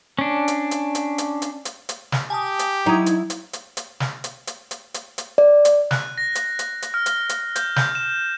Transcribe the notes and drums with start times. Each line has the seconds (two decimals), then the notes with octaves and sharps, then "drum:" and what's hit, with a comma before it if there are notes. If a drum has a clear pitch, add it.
0.19 C#4 D4
0.48 drum: hi-hat
0.71 drum: hi-hat
0.95 drum: hi-hat
1.18 drum: hi-hat
1.42 drum: hi-hat
1.65 drum: hi-hat
1.89 drum: hi-hat
2.12 drum: snare
2.30 G4 G#5 A5 D#6
2.59 drum: hi-hat
2.86 F#3 D#4 E4 G#6
3.06 drum: hi-hat
3.30 drum: hi-hat
3.53 drum: hi-hat
3.77 drum: hi-hat
4.00 drum: snare
4.24 drum: hi-hat
4.47 drum: hi-hat
4.71 drum: hi-hat
4.94 drum: hi-hat
5.18 drum: hi-hat
5.38 D5
5.65 drum: hi-hat
5.91 F#6, drum: snare
6.18 A#6
6.35 drum: hi-hat
6.59 drum: hi-hat
6.82 drum: hi-hat
6.94 F6
7.06 drum: hi-hat
7.29 drum: hi-hat
7.56 G6, drum: hi-hat
7.76 G6, drum: snare
7.95 E7